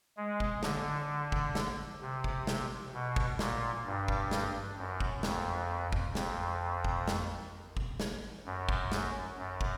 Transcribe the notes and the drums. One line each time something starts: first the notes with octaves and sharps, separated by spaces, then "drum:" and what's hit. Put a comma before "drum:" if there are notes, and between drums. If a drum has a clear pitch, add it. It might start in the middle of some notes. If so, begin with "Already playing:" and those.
G#3
drum: kick
D3, drum: snare
drum: kick
drum: snare
C3
drum: kick
drum: snare
B2
drum: kick
A#2, drum: snare
G2
drum: kick
drum: snare
F#2
drum: kick
F2, drum: snare
drum: kick
F2, drum: snare
drum: kick
drum: snare
drum: kick
drum: snare
F#2
drum: kick
drum: snare
F#2
drum: kick